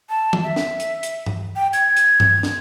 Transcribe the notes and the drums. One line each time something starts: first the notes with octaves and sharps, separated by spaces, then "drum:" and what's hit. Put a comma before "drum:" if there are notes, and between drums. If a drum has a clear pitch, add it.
A5
drum: tom
E5
drum: snare
drum: hi-hat
drum: hi-hat
drum: tom G2
G5
G#6, drum: hi-hat
drum: hi-hat
drum: tom G2
drum: snare